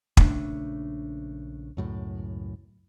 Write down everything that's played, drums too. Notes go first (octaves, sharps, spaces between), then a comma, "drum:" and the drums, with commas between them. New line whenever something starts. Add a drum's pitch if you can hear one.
A#1 C#3 A3 D4, drum: kick
C#2 F#2 A2